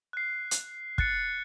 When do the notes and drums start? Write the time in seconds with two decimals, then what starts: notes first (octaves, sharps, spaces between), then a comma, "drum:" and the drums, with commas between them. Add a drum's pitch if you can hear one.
0.13 F#6 C7
0.51 drum: hi-hat
0.98 F#6 A6 C#7, drum: kick